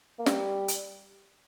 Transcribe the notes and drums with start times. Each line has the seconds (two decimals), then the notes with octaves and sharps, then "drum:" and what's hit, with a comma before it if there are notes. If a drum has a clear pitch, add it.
0.19 A#3
0.26 G3, drum: snare
0.68 drum: hi-hat